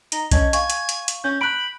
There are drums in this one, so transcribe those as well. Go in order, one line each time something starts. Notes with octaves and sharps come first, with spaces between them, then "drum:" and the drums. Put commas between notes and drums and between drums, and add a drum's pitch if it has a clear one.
D#4, drum: hi-hat
C#4 D#5 A5 G#6, drum: kick B1, hi-hat
F5 G#5 C#6, drum: hi-hat
drum: hi-hat
drum: hi-hat
drum: hi-hat
C#4 G6
B5 F#6 G6 D7